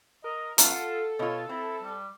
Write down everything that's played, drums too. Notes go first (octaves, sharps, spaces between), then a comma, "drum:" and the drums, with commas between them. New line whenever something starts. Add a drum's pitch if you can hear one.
A#4 D#5
F#2 B3 F4 A4 A#5, drum: hi-hat
F#5
B2 F4 C#5
C4 E4
G3